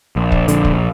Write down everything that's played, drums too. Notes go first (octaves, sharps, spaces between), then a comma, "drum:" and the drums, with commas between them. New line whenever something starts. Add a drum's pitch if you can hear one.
A#1
drum: kick
A#1 D3, drum: hi-hat
drum: kick